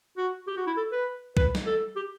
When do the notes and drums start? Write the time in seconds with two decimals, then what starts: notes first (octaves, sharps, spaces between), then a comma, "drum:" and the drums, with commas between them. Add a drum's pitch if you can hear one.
0.17 F#4
0.47 G4
0.57 F#4
0.67 E4
0.77 A4
0.92 B4
1.37 B4, drum: kick
1.55 drum: snare
1.66 A4
1.96 G4